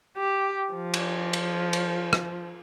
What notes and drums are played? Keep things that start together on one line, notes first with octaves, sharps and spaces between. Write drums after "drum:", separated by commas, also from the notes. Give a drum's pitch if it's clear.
G4
F3
drum: cymbal
drum: cymbal
drum: cymbal
drum: rim click